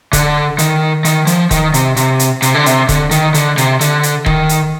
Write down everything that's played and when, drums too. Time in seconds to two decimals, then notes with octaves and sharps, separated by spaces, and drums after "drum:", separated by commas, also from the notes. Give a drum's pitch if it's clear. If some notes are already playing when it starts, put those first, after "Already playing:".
0.13 D3, drum: kick D#1, hi-hat
0.59 D#3, drum: hi-hat
1.05 D#3, drum: hi-hat
1.27 F3, drum: hi-hat
1.51 D#3, drum: kick D#1, hi-hat
1.74 C3, drum: hi-hat
1.97 C3, drum: hi-hat
2.19 drum: hi-hat
2.42 C3, drum: hi-hat
2.54 D3
2.66 C3, drum: hi-hat
2.89 D3, drum: kick D#1, hi-hat
3.11 D#3, drum: hi-hat
3.34 D3, drum: hi-hat
3.58 C3, drum: hi-hat
3.81 D3, drum: hi-hat
4.03 drum: hi-hat
4.26 D#3, drum: kick D#1
4.49 drum: hi-hat